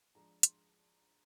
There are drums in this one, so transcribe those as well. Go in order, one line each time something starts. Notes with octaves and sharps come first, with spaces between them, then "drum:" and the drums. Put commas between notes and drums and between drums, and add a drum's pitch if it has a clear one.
F3 G#3 D4 A#5
C6, drum: hi-hat